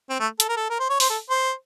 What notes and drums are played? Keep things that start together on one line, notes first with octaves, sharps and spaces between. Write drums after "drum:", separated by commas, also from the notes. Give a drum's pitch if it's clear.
C4
A3
A4, drum: hi-hat
A#4
A4
A#4
C5
C#5
C5, drum: open hi-hat
A4
C5